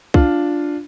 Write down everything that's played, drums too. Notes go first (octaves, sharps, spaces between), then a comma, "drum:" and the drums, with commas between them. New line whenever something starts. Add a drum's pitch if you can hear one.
D4 F4, drum: kick C2